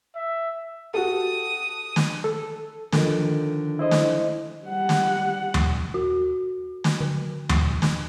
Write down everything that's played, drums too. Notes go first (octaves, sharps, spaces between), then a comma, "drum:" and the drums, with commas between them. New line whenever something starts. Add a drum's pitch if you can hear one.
E5
F#4 G4 A4 D#6
drum: snare
A4
D3 D#3 F3, drum: snare
E4 C5 D#5
drum: snare
G3 F#5
drum: snare
drum: tom D#2
F#4
drum: snare
D3
drum: tom D#2
drum: snare